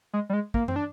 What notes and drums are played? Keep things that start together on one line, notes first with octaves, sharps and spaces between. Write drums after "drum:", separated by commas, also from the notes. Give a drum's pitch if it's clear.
G#3
G3
G#3
A#3, drum: kick
C4, drum: tom F#2
D4